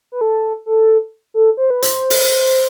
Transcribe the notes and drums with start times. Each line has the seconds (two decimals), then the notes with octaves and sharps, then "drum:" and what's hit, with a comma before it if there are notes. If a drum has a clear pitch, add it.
0.12 B4
0.21 A4
0.66 A4
1.34 A4
1.57 C5
1.70 B4
1.82 C5, drum: hi-hat
2.10 drum: open hi-hat